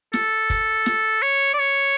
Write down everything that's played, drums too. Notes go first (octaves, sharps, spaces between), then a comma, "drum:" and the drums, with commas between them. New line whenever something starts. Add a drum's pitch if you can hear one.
A4, drum: snare
drum: kick
drum: snare
C#5
D5
C#5